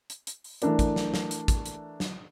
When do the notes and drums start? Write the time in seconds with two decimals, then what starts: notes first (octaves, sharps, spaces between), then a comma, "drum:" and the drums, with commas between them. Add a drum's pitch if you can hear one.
0.10 drum: hi-hat
0.27 drum: hi-hat
0.44 drum: open hi-hat
0.62 E3 A3 D4 A#4 D5, drum: hi-hat
0.79 drum: kick, hi-hat
0.96 drum: snare
1.14 drum: snare
1.31 drum: hi-hat
1.48 drum: kick, hi-hat
1.66 drum: hi-hat
2.00 drum: snare